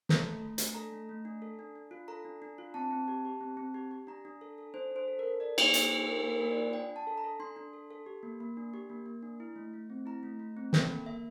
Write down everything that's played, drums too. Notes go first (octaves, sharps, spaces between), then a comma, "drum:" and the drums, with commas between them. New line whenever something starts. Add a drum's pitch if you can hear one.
A4 A#5, drum: snare
A3
A3
D4, drum: hi-hat
A4 A#5
A3
A3
D4
A4
D4
D4
F4
A4 A#5
D4
D4
F4
C4 A5
C4
G4
G4
C4
C4
G4
G4
D4 A#5
D4
A4
A4
D4 C5
D4 C5
A4
A4 A#4
A4 D5
A#3, drum: cymbal
A#3 A4, drum: hi-hat
F4
A4 A#4
A#3
A#4
A#3
D5
F4
D4 G5
D4
A5
A4
A#5
A4
D4 C6
D4
A4
A4
G4
A#3
A#3
D4
G4
A#3
A#3
D4
E4
A3
A3
C4
E4 A#5
A3
A3
C4
A4 G5, drum: snare
A#3
A#3 E5